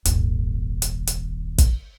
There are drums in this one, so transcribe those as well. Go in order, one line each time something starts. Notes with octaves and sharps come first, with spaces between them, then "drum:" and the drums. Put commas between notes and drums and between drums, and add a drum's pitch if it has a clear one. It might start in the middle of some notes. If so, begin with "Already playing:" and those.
D#1 G#1, drum: hi-hat
drum: hi-hat
drum: hi-hat
drum: kick, hi-hat